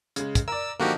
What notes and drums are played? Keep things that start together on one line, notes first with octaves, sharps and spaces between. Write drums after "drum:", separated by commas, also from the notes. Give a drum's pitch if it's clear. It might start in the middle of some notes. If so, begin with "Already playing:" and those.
C#3 G#3, drum: hi-hat
drum: kick, hi-hat
A#4 D5 E6
D3 F3 A#3 D#4 F#4 G4